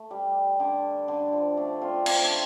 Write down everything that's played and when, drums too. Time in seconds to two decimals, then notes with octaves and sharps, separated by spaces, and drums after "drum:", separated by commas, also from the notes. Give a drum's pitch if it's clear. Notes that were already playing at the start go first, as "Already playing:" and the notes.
Already playing: A3
0.11 G3
0.60 D3
1.08 D3
1.33 F3
1.57 A3 D4
1.81 C4 F4
2.06 C4 F4, drum: cymbal
2.22 A3 D4